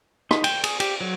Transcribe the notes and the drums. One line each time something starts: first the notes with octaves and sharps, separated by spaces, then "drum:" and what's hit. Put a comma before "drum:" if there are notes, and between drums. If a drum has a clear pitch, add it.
D#4, drum: rim click
G5, drum: cymbal
G#4, drum: cymbal
G4, drum: cymbal
F#3